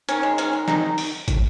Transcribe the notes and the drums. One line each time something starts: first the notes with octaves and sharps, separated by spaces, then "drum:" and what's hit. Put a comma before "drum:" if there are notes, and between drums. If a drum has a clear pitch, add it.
D#3 C#4, drum: hi-hat
G#3
D#3 C#4, drum: hi-hat
G#3
D#3 D#4, drum: snare
drum: open hi-hat
drum: kick, hi-hat